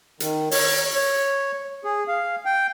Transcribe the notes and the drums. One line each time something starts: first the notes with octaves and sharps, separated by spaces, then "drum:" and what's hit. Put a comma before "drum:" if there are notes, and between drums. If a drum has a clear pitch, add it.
D#3, drum: hi-hat
C#5, drum: open hi-hat
C#5
G#4
F5
G5